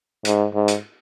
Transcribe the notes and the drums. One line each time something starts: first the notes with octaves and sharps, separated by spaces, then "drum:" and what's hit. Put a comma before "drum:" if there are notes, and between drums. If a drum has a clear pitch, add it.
G#2, drum: hi-hat
G#2
drum: hi-hat